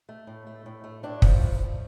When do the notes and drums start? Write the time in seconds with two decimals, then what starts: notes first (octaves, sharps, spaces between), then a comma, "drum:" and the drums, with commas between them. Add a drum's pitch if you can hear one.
0.09 A3
0.27 A2
0.47 A3
0.66 A2
0.84 A3
1.03 A2 D4
1.22 F3, drum: kick
1.40 A2
1.59 F3